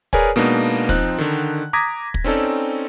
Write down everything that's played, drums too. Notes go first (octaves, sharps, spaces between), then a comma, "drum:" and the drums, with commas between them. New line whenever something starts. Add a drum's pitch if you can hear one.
G#4 A#4 B4 C#5 D5 G#5, drum: kick
B2 G#3 A#3 B3 D4 D#4
F3 C4 D#4 F#6, drum: kick
D3 D#3
A#5 D6 D#6 G#6 A#6 B6
drum: kick
C4 C#4 D#4 A4 D5